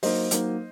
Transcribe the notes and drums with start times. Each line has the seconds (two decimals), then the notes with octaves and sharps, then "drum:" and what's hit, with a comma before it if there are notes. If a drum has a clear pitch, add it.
0.03 F#3 A#3 D#4 C5 D#5, drum: open hi-hat
0.31 F#3 A#3 D#4, drum: hi-hat